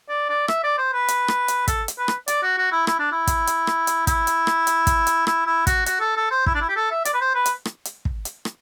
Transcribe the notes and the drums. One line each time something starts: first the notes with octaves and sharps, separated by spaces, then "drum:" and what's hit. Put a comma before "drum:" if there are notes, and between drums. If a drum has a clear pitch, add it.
D5
D5
E5, drum: rim click
D5
C5
B4
drum: hi-hat
drum: rim click
drum: hi-hat
A4, drum: kick, hi-hat
drum: hi-hat
B4
drum: rim click
D5, drum: hi-hat
F#4
F#4
E4
E4, drum: rim click
D4
E4
drum: kick, hi-hat
drum: hi-hat
drum: rim click
drum: hi-hat
E4, drum: kick, hi-hat
drum: hi-hat
drum: rim click
drum: hi-hat
drum: kick, hi-hat
drum: hi-hat
E4, drum: rim click
E4
F#4, drum: kick, hi-hat
F#4, drum: hi-hat
A4
A4
C5
E4, drum: kick
D4
E4
G4
A4
E5
D5, drum: hi-hat
B4
C5
B4
drum: hi-hat
drum: rim click
drum: hi-hat
drum: kick
drum: hi-hat
drum: rim click